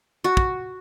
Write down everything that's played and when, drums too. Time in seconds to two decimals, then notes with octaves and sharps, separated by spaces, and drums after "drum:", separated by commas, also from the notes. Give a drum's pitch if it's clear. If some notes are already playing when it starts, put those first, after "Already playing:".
0.24 F#4
0.37 drum: kick